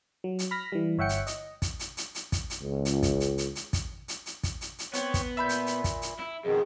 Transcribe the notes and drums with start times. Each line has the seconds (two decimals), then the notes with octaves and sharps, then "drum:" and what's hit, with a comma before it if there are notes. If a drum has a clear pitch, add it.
0.24 F#3
0.39 drum: hi-hat
0.51 B5 F6 A#6 B6
0.72 E3 G3
0.98 G1 C#5 E5 F#5 G5 C#7
1.09 drum: hi-hat
1.27 D#5, drum: hi-hat
1.62 drum: kick, hi-hat
1.79 drum: hi-hat
1.97 drum: hi-hat
2.15 drum: hi-hat
2.32 drum: kick, hi-hat
2.50 drum: hi-hat
2.62 C#2
2.85 drum: hi-hat
3.03 drum: kick, hi-hat
3.20 drum: hi-hat
3.38 drum: hi-hat
3.55 drum: hi-hat
3.73 drum: kick, hi-hat
4.08 drum: hi-hat
4.26 drum: hi-hat
4.43 drum: kick, hi-hat
4.61 drum: hi-hat
4.79 drum: hi-hat
4.93 B3 C4 C#5, drum: hi-hat
5.14 drum: kick, hi-hat
5.37 A#2 E5 B5 G6
5.49 drum: hi-hat
5.67 drum: hi-hat
5.84 drum: kick, hi-hat
6.02 drum: hi-hat
6.20 E4
6.45 F2 B2 D#3 G#4